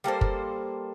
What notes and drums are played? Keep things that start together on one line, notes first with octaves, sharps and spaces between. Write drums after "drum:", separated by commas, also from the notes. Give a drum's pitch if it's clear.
G3 A#3 A4 C5
drum: kick